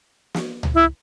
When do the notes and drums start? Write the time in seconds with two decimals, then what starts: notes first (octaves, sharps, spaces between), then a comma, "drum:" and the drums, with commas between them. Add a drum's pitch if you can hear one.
0.34 drum: snare
0.63 drum: tom C#2
0.75 E4